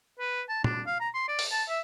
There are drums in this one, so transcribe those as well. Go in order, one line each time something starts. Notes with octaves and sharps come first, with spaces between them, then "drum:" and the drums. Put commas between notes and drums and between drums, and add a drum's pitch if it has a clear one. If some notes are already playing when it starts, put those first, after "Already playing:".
B4
A5
D4, drum: tom
F5
A#5
C6
D5
drum: open hi-hat
A5
E5